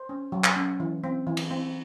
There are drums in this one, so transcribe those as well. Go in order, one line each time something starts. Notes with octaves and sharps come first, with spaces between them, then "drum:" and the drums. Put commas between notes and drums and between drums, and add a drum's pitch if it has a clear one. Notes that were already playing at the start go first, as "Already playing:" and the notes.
Already playing: C5
C#4
F#3
drum: clap
C#4
E3
C4
E3
drum: cymbal
C4